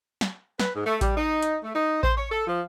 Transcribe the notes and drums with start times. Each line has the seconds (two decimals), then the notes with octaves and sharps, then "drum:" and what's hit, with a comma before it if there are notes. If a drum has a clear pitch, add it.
0.21 drum: snare
0.60 B4, drum: snare
0.75 G#2
0.86 A3
1.01 G3, drum: kick A1, hi-hat
1.17 D#4
1.43 drum: hi-hat
1.64 A3
1.75 D#4
2.03 C5, drum: kick A1
2.17 C#5
2.32 A4
2.47 F3